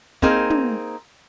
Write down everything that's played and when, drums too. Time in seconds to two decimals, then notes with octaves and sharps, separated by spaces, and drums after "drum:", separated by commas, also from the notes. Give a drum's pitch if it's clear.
0.22 A#3 C4 D#4 G#4 A#4, drum: kick
0.50 drum: tom